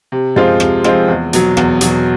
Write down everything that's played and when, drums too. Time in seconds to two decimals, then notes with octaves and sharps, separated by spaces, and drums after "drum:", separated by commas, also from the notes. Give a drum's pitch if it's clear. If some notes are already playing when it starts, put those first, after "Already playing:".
0.12 C3
0.36 F3 G#3 C4 F4, drum: tom F#2
0.60 C3, drum: rim click
0.84 F3 G#3 C4 F4, drum: rim click
1.08 E2
1.33 B2 F#3, drum: hi-hat
1.57 E2, drum: rim click
1.81 B2 F#3, drum: hi-hat